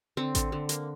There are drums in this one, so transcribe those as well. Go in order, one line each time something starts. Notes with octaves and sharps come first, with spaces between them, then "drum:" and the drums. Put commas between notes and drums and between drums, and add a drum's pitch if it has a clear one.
D3 C4
D3, drum: kick A1, hi-hat
D3
A#3, drum: hi-hat